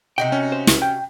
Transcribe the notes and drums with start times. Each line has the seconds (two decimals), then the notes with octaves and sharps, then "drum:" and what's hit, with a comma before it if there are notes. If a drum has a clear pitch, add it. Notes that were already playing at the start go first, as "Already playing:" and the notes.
0.18 C3 D#4 F#4 G5
0.32 C#4
0.52 C5
0.67 C#2, drum: snare
0.82 G5